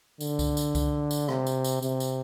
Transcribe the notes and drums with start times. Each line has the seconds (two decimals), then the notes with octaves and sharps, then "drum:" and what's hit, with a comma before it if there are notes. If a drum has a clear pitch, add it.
0.21 D3, drum: tambourine
0.39 drum: kick C2, tambourine
0.57 drum: tambourine
0.75 drum: kick C2, tambourine
1.11 drum: tambourine
1.29 C3, drum: rim click
1.47 drum: tambourine
1.64 drum: tambourine
1.82 C3, drum: tambourine
2.00 drum: tambourine